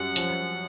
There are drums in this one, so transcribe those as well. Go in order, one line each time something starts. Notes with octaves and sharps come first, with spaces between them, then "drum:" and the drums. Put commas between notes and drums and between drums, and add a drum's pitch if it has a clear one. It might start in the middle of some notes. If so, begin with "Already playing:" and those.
Already playing: F#2 G3 F#5
F3, drum: hi-hat